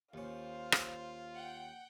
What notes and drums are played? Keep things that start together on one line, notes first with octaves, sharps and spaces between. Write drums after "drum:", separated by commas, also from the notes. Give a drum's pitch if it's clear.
D#2 C#4 F4 C5 F5
drum: rim click
F#5 G5